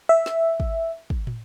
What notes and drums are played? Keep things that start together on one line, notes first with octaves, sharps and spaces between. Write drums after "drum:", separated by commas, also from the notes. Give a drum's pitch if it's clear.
E5
drum: snare
drum: kick
drum: kick
drum: tom